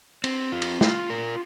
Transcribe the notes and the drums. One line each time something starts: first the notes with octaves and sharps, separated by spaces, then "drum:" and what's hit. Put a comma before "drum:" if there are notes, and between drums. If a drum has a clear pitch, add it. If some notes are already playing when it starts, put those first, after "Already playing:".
C4, drum: cymbal
F4
drum: cymbal
F4, drum: snare
A#4